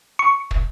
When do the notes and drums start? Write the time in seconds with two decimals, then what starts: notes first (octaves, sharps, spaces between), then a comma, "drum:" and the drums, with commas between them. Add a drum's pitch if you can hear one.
0.19 C#6
0.51 drum: kick